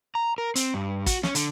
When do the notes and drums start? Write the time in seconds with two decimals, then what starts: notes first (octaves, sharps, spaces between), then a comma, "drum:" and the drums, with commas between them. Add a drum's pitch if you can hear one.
0.15 A#5
0.38 A#4
0.56 C4, drum: hi-hat
0.74 G2
1.06 F#4, drum: kick, hi-hat
1.23 C#4, drum: snare
1.35 D3, drum: hi-hat